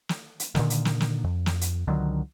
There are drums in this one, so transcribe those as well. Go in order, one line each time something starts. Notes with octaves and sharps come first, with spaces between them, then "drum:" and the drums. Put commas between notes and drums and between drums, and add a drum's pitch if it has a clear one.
drum: snare
drum: hi-hat
A#2 D3 D#3, drum: snare
drum: hi-hat
drum: snare
drum: snare
F2
drum: snare
drum: hi-hat
C#2 D3 D#3 F#3